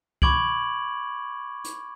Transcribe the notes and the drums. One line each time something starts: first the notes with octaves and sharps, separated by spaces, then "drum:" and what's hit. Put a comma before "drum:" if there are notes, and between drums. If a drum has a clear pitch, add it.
B5 C#6 D6 G#6 D7 F#7, drum: kick C#2
drum: hi-hat